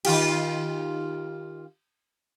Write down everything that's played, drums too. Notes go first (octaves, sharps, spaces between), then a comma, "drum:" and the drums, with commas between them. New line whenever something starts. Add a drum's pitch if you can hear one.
D#3 F4 G4, drum: cymbal